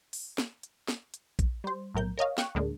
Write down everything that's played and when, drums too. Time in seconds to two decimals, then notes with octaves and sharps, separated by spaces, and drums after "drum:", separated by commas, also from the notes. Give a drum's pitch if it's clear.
0.13 drum: open hi-hat
0.38 drum: snare
0.63 drum: hi-hat
0.89 drum: snare
1.14 drum: hi-hat
1.39 drum: kick A#1, hi-hat
1.64 G3 C5
1.95 B1 A2 A#4 G6
2.18 A#4 C#5 D#5 F5
2.38 F5 G5 C#6 F#6, drum: snare
2.55 D2 A2 G#3 A#3 D4